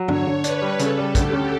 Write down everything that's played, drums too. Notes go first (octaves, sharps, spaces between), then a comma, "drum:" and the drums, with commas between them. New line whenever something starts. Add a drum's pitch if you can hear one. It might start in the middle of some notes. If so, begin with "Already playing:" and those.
Already playing: F#3
D3 C#5, drum: tom G2
D3
D4 B4, drum: hi-hat
G3
C#3 A4, drum: hi-hat
G3
D2 G4, drum: kick, hi-hat
C#4